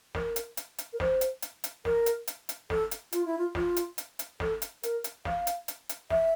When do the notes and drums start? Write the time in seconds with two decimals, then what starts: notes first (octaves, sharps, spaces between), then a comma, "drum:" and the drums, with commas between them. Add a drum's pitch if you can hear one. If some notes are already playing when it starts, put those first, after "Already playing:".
0.15 A#4, drum: snare
0.36 drum: hi-hat
0.57 drum: hi-hat
0.78 drum: hi-hat
0.93 A#4
1.00 C5, drum: snare
1.21 drum: hi-hat
1.42 drum: hi-hat
1.64 drum: hi-hat
1.85 A#4, drum: snare
2.06 drum: hi-hat
2.27 drum: hi-hat
2.49 drum: hi-hat
2.70 A4, drum: snare
2.91 drum: hi-hat
3.12 F4, drum: hi-hat
3.25 E4
3.38 F4
3.55 F4, drum: snare
3.76 drum: hi-hat
3.98 drum: hi-hat
4.19 drum: hi-hat
4.40 A4, drum: snare
4.62 drum: hi-hat
4.83 A#4, drum: hi-hat
5.04 drum: hi-hat
5.25 F5, drum: snare
5.47 drum: hi-hat
5.68 drum: hi-hat
5.89 drum: hi-hat
6.10 E5, drum: snare